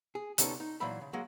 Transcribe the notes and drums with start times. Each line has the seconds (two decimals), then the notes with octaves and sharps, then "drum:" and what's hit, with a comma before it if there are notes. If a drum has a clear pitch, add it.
0.15 G#4
0.38 D2 C3 B3 C#4 D#4 A4, drum: hi-hat
0.60 D#4
0.80 A#2 E3 F#3 C5 E5 B5
1.01 C#3
1.13 F#3 G#3 A#3 F#4